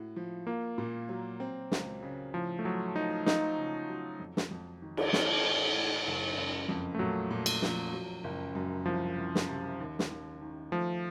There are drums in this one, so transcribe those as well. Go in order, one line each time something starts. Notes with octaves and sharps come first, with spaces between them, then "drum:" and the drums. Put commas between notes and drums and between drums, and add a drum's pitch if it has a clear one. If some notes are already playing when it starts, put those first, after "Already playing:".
Already playing: A2 F#4
F3
A#3 F4
A#2
F#3
C4
C#2, drum: snare
C#3
A2 F3
A3
A2 F#3
F3 D#4
D#4 F4, drum: snare
C#3
F#3
F2
drum: snare
F2
D#3
drum: cymbal
C4, drum: snare
A1
A2
F#1
F#1
F2
A3
A#2 F#3
A#2
drum: cymbal
F3, drum: snare
F#3
F#1
F#2
C2 F3
C2
drum: snare
C3
D#2
drum: snare
D#2
D#3
F3 A3